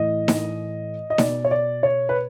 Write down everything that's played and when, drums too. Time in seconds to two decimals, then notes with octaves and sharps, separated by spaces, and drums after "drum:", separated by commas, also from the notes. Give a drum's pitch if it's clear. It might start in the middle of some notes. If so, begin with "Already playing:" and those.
Already playing: A2 E3 D#5
0.28 drum: snare D#4
1.10 D#5
1.18 B2 D5, drum: snare D#4
1.45 C#5
1.51 D5
1.83 C#5
2.09 B4